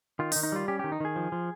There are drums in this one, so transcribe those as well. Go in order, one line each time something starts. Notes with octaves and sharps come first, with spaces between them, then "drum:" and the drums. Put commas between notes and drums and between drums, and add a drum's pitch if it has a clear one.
D#3 F4
D#4, drum: open hi-hat
D#3
D#4
G3 F4
C#4 G4
D#3 G4
D#4
D#3 G#4
F3
F3